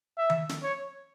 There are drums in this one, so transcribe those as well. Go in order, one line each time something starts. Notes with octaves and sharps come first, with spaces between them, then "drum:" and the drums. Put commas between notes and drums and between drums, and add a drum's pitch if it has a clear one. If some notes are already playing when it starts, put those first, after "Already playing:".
E5
drum: tom D#3
drum: snare
C#5